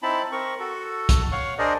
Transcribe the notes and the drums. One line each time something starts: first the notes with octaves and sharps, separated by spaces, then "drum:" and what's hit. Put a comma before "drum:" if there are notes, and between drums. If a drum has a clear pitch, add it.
C4 D#4 E4 A5 B5
C4 A#4 C#6
F#4 A4
drum: kick, hi-hat
C#5 F5 F#5 C#6
D4 G#4 A#4 C5 D5 D#5